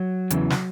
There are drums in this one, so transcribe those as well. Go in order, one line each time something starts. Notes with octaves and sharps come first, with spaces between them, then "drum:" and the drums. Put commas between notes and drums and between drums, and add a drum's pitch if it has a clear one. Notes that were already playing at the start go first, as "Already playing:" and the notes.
Already playing: F#3
E2 C#3 E3, drum: hi-hat
drum: snare